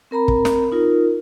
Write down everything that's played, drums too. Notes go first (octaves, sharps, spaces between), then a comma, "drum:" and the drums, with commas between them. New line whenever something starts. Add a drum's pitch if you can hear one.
C4 A#4 A#5 B5
drum: kick
drum: snare
D#4 F4 A#4